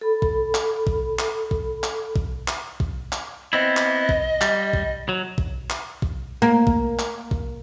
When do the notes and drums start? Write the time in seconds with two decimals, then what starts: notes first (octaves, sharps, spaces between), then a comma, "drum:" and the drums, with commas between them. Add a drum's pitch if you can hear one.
0.01 A4 B5
0.22 drum: kick
0.54 drum: clap
0.87 drum: kick
1.19 drum: clap
1.51 drum: kick
1.83 drum: clap
2.16 drum: kick
2.48 drum: clap
2.80 drum: kick
3.12 drum: clap
3.53 B3 C4 E4 D#5
3.77 drum: clap
4.09 drum: kick
4.41 G3, drum: clap
4.73 drum: kick
5.09 F#3
5.38 drum: kick
5.70 drum: clap
6.02 drum: kick
6.42 A#3
6.67 drum: kick
6.99 drum: clap
7.31 drum: kick